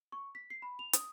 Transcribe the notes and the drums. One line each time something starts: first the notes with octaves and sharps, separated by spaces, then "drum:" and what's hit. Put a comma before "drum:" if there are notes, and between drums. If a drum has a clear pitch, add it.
C#6
B6
C7
B5
F7
D#6, drum: hi-hat